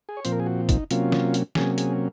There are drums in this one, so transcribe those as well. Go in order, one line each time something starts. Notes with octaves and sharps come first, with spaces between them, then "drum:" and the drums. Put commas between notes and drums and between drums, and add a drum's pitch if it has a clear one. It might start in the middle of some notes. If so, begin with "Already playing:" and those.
G#4
C#5
A#2 F3 C4 C5, drum: hi-hat
A#4
G#4
F#4
D#4, drum: kick, hi-hat
C3 F#3 A#3 C#4 F4, drum: hi-hat
drum: snare
drum: hi-hat
C3 F#3 A#3 C#4 G#4, drum: snare
G#4, drum: hi-hat